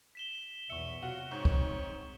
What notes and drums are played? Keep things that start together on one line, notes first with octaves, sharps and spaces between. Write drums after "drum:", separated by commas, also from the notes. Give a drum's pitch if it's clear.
B6 E7 G7
B1 E2 E5 C#6 C#7
C3 F#3 F4 F#4 F#7
G#2 C4 C#5 C#6
drum: kick